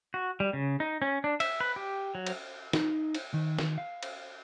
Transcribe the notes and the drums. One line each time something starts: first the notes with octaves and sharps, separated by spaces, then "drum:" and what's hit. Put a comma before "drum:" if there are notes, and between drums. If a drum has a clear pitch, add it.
F#4
G3
C#3
D#4
C#4
D4
E5, drum: cymbal
B4
G4
F#3
drum: cymbal
D#4, drum: snare
drum: cymbal
D#3
drum: snare
F5
drum: cymbal